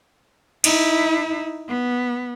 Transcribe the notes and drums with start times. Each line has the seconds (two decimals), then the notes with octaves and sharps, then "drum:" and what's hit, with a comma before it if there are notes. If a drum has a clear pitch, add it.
0.64 D#4 E4, drum: cymbal
1.68 B3